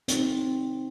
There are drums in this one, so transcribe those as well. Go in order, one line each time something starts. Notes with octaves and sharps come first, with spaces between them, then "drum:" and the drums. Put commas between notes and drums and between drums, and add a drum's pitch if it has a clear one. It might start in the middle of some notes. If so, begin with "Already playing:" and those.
C4 D#4, drum: hi-hat